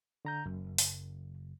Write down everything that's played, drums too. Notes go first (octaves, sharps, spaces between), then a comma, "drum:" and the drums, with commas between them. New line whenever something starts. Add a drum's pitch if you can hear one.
D3 A#5 G6
F#1 F#2
drum: open hi-hat